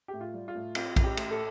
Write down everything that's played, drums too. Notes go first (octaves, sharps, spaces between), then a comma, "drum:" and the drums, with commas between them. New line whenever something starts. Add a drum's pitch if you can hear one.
G4
A2
F4
G3
F4
A2
C4 F4, drum: cymbal
A1, drum: kick A#1, cymbal
G4
A2, drum: cymbal
A4